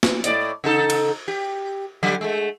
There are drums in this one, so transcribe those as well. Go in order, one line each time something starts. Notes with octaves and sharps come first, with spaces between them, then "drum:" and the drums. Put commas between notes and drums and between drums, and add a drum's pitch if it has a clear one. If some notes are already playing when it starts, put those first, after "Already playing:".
drum: snare
A2 D5 D#5, drum: hi-hat
C#3 D#4 A4
drum: cymbal
G4
D3 F#3 G3
G#3 A3